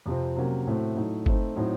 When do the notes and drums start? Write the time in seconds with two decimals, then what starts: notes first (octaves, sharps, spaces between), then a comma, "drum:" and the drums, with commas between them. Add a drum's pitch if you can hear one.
0.06 F2 C3 F3 C4
0.36 C3 F#3 A#3 C#4
0.67 A2 A3 C4 F#4
0.96 A2 F#3 A3 D#4
1.26 A3 C4 D#4, drum: kick
1.56 A2 F#3 C4 D#4